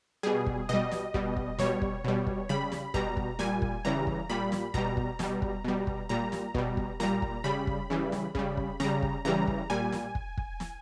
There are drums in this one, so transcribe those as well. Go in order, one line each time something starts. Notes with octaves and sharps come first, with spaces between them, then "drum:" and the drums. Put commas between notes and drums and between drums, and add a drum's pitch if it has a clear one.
B2 G3 G#4
drum: kick
B2 G3 D#5
drum: snare
B2 G3, drum: kick
drum: kick
B2 G3 C#5, drum: snare
drum: kick
B2 G3
drum: kick
C#3 G3 B5
drum: snare
B2 G3 A#5, drum: kick
drum: kick
A#2 G3 G#5, drum: snare
drum: kick
C#3 E3 G3 A#5
drum: kick
A#2 G3 B5
drum: snare
B2 G3 A#5, drum: kick
drum: kick
B2 G3, drum: snare
drum: kick
B2 G3
drum: kick
A#2 G3 A#5
drum: snare
B2 G3, drum: kick
drum: kick
A#2 G3 A#5, drum: snare
drum: kick
C#3 G3 B5
drum: kick
C#3 E3 G3
drum: snare
C#3 G3, drum: kick
drum: kick
C#3 G3 A#5, drum: snare
drum: kick
C#3 E3 G3 A#5
drum: kick
A#2 G3 G#5
drum: snare
drum: kick
drum: kick
drum: snare